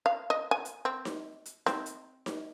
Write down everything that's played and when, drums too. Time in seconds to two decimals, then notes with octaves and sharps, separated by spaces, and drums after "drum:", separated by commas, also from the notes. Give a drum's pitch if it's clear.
0.06 F5
0.30 D#5
0.51 G#5
0.65 drum: hi-hat
0.85 C4
1.05 drum: snare D#4
1.46 drum: hi-hat
1.66 C4, drum: snare D#4
1.86 drum: hi-hat
2.26 drum: snare D#4